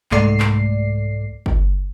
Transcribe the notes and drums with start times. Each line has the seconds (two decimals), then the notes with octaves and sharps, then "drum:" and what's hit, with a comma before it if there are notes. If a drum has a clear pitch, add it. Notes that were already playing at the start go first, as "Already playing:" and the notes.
0.11 C2 G#2 A3 D5 C7, drum: clap
0.40 drum: clap
1.46 drum: kick